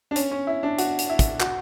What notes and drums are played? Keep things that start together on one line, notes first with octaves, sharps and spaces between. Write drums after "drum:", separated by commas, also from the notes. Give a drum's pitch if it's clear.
D4
C#4, drum: hi-hat
C#4
E4
D4
F#4, drum: hi-hat
drum: hi-hat
E4
drum: kick, hi-hat
F#4, drum: clap